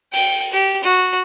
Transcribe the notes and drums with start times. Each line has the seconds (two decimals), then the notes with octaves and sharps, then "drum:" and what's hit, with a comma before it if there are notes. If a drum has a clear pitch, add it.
0.13 G5, drum: open hi-hat
0.53 G4
0.83 F#4